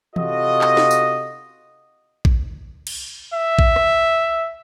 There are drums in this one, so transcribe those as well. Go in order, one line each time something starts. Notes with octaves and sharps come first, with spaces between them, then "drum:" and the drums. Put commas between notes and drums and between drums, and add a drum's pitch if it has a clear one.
C3 F4 F#4 A4 D#5, drum: tom E3
drum: clap
drum: snare
drum: tambourine
drum: kick A#1
drum: cymbal
E5
drum: kick A#1
drum: rim click